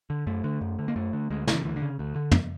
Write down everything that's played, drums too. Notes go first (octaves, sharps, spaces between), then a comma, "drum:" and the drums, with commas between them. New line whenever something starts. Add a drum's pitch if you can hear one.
D3
F#2 A3
D3
F#2
D3
A#3
F#2 A3
D3
D2 G#3
C#3, drum: snare
E3
D2 E3
D3
C#3
D2
D3
drum: tom